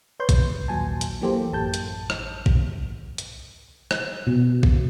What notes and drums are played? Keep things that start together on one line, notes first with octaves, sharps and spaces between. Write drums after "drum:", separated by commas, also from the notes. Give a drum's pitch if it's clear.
B4 C#5 C6 G6
drum: kick A#1, hi-hat
A#1 D#2 A#2 F#3 G#5 A5
drum: hi-hat
E3 F#3 A#3 G4 A4 C5
A1 F#2 A5 G6
drum: hi-hat
drum: rim click
drum: kick A#1
drum: hi-hat
drum: rim click
B2
drum: kick A#1